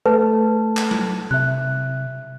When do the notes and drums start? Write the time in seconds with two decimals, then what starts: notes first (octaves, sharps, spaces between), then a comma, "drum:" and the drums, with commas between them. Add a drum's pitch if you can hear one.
0.06 A3 A4 B4 A5
0.77 drum: clap
0.91 drum: tom F#3
1.31 C3 E5 F#6